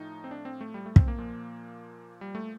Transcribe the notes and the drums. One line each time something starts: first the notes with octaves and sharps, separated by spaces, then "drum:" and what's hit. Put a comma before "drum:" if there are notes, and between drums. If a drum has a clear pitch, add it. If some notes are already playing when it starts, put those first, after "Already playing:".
Already playing: A2 F3 D#4
C4
D4
C4
A3
G3
A3
C4, drum: kick
A#3
A#2 F3
G3
A3